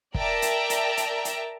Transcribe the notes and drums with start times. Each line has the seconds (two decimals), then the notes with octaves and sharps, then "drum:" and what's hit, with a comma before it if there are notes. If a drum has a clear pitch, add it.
0.15 A#4 D5 E5 G5 A5 A#5, drum: kick
0.42 drum: hi-hat
0.70 drum: hi-hat
0.97 drum: hi-hat
1.25 drum: hi-hat